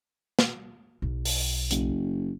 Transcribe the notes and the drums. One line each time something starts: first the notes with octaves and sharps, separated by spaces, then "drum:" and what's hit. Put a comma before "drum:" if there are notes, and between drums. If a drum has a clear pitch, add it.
drum: snare
B1
drum: open hi-hat
F#1, drum: hi-hat